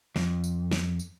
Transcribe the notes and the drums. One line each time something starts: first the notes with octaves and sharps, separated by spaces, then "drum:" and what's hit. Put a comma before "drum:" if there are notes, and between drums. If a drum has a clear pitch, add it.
F2, drum: snare
drum: tambourine
drum: snare
drum: tambourine